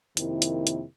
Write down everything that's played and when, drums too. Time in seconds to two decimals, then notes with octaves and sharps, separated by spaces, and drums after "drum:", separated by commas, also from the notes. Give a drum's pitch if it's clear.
0.17 F2 C3 D#3 A#3 E4, drum: hi-hat
0.42 drum: hi-hat
0.67 drum: hi-hat